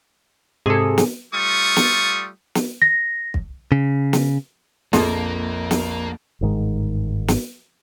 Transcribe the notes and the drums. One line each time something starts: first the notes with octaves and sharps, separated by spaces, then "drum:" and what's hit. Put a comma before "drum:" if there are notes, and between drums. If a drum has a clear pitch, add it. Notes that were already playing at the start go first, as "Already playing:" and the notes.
G#2 C3 G#4 A4
drum: snare
G3 A3 F4 C#6 D#6
drum: snare
drum: snare
A#6
drum: kick
C#3
drum: snare
A#1 F2 A#3 F4 G#4 A4, drum: snare
drum: snare
G1 G#2 D#3 G#3
drum: snare